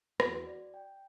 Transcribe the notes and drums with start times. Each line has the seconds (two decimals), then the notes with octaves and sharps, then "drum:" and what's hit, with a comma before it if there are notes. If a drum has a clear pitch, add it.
0.20 E2 F#4, drum: rim click
0.47 D5
0.74 G5